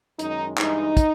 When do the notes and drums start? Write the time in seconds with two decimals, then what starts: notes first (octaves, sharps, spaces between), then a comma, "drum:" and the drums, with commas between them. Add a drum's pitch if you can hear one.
0.19 F#2 D#3 G#3 D#4, drum: hi-hat
0.58 G2 E3 G#3 D#4, drum: clap
0.97 drum: kick, hi-hat